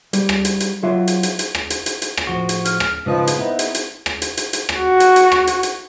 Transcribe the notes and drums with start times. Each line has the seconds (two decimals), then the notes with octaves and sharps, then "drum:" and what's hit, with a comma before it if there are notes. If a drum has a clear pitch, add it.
0.13 G3, drum: hi-hat
0.29 drum: rim click
0.45 drum: hi-hat
0.60 drum: hi-hat
0.83 F#3 F4 E5
1.07 drum: hi-hat
1.23 drum: hi-hat
1.39 drum: hi-hat
1.55 drum: rim click
1.70 drum: hi-hat
1.86 drum: hi-hat
2.02 drum: hi-hat
2.17 drum: rim click
2.27 A2 F3 F#4
2.49 drum: hi-hat
2.65 F6, drum: hi-hat
2.80 drum: rim click
3.06 G#2 C#3 F3 B4 D#5
3.27 drum: hi-hat
3.37 B3 C4 D#4 E4
3.59 drum: hi-hat
3.75 drum: hi-hat
4.06 drum: rim click
4.22 drum: hi-hat
4.37 drum: hi-hat
4.53 drum: hi-hat
4.69 drum: rim click
4.78 F#4
5.00 drum: hi-hat
5.16 drum: hi-hat
5.32 drum: rim click
5.47 drum: hi-hat
5.63 drum: hi-hat